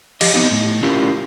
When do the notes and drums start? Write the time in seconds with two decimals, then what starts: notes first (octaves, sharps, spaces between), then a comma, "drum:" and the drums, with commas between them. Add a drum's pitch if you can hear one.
0.21 F3 G4 D#5, drum: cymbal
0.34 B3 C4 D#4 G4
0.51 A2
0.83 C#4 E4 F4 G4 A#4